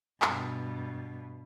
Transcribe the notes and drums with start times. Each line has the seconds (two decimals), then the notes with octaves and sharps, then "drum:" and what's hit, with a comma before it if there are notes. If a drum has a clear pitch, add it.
0.22 G2 B2, drum: clap